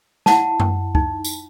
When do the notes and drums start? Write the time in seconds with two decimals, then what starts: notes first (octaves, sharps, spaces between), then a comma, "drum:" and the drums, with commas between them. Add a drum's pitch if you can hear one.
0.26 E4 F#5 A5, drum: snare
0.60 drum: tom F#2
0.95 D#4, drum: kick
1.24 drum: tambourine